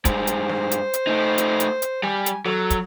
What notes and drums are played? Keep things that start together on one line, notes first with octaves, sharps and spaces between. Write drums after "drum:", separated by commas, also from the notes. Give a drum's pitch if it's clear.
G2 G#3 C5, drum: kick, hi-hat
drum: hi-hat
drum: snare
drum: hi-hat
drum: hi-hat
A3 D#4
drum: hi-hat
drum: hi-hat
drum: hi-hat
G3 G#5, drum: snare
drum: hi-hat
F#3 A4, drum: snare
drum: kick, hi-hat